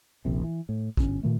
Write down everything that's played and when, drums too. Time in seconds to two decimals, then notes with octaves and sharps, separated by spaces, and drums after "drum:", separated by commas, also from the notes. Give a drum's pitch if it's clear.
0.25 D#1 A#1 C3
0.44 E3
0.69 A2
0.97 G1 C#4, drum: kick
1.23 A#2 D#3 A3